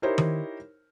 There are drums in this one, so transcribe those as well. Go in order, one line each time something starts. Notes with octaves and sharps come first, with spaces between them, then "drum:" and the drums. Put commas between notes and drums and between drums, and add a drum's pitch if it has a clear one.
D#4 E4 G4 A#4 C5 C#5
drum: tom D#3